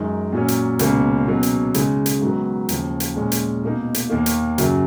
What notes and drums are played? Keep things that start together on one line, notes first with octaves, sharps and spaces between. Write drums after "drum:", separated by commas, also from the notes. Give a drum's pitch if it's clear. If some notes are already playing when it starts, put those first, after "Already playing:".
Already playing: F#2 D#3 G#3 D#4
A#2 F#3 C#4
drum: hi-hat
C#2 B2 A#3 C#4, drum: hi-hat
B2 F#3 A#3 C#4
drum: hi-hat
C#3 G#3 D#4, drum: hi-hat
drum: hi-hat
G#2 D#3 F#3 B3
D#2 C#3 F3, drum: hi-hat
drum: hi-hat
A#2 G#3 C#4
drum: hi-hat
B2 A#3 D#4
drum: hi-hat
D#2 D#3 A#3
drum: hi-hat
F#2 C#3 F#3, drum: hi-hat